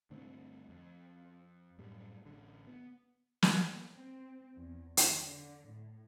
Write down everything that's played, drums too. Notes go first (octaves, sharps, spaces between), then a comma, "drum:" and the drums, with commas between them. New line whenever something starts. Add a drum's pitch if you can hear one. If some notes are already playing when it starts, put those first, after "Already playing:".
G2 D3 A3 C4
F2
F#2 A2 G3
A1 D3
B3
drum: snare
C4
E2
D#3, drum: hi-hat
D3
A2